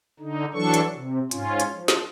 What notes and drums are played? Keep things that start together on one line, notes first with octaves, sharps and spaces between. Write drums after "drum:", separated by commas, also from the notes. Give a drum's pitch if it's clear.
D3 D#4
E3 F#3 D4 A4 C#6
drum: hi-hat
C3
G#2 C#4 F4, drum: hi-hat
drum: hi-hat
F3
drum: snare